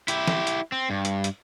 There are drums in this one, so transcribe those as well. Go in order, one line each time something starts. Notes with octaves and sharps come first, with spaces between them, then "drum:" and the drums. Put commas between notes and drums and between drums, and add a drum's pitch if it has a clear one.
E4 G4, drum: hi-hat
drum: snare
drum: hi-hat
C4
G2
drum: hi-hat
drum: hi-hat